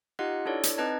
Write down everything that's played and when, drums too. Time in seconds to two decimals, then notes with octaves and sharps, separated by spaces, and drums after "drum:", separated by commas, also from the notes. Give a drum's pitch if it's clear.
0.19 D#4 F4 G4 D#5 F#5 F#6
0.45 D4 E4 A4 C#5 D5
0.63 drum: hi-hat
0.78 C4 D#4 B4 D#5 A5 G#6